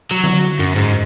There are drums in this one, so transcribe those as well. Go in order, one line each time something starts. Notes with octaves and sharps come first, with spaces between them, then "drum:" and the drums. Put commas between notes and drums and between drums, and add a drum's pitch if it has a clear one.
F#3
drum: tom D3
F#2
G#2